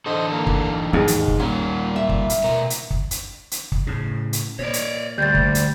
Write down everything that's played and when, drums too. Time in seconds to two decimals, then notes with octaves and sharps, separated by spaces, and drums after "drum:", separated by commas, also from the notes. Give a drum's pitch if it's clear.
0.06 E3 D4 A4 C5 D#5
0.32 A#3
0.47 drum: kick
0.93 D#2 G#2 G#4
1.08 drum: hi-hat
1.28 drum: kick
1.40 A#2 G3 C#4 F#5
1.96 E5
2.09 drum: kick
2.30 drum: hi-hat
2.44 B2 A#4
2.70 drum: hi-hat
2.91 drum: kick
3.11 drum: hi-hat
3.51 drum: hi-hat
3.72 drum: kick
3.87 A2 C#3
4.33 drum: hi-hat
4.59 A#2 C#5 D5
4.73 drum: hi-hat
5.18 D2 G3 G6 A6
5.34 drum: kick
5.55 drum: hi-hat